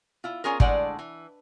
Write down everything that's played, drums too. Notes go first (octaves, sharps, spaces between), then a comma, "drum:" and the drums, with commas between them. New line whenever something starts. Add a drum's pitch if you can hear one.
E4 F4
C#4 F4 G#4 A#4
A2 D3 G#3 D5 F#5, drum: kick
E3